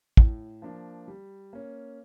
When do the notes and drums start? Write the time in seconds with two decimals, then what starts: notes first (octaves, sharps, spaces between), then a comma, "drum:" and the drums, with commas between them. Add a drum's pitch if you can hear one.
0.17 A2, drum: kick
0.62 F3 A#3 D4
1.08 G3
1.53 A#3 C#4